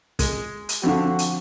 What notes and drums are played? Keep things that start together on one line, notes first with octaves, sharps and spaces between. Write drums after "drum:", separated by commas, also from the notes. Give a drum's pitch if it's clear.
G#3, drum: kick, hi-hat
drum: hi-hat
F2 D3 F#4
drum: hi-hat